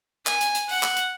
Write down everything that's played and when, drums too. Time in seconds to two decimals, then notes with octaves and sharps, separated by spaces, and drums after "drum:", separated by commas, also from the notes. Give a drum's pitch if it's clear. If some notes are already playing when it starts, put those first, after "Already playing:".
0.27 G#5, drum: clap
0.41 drum: hi-hat
0.55 drum: hi-hat
0.69 F#5, drum: open hi-hat
0.83 drum: clap
0.97 drum: hi-hat